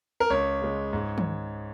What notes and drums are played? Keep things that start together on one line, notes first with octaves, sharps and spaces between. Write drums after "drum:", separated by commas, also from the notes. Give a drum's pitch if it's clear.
A#4
C#2 C#5
C#3 G#3
G#2
drum: tom D#3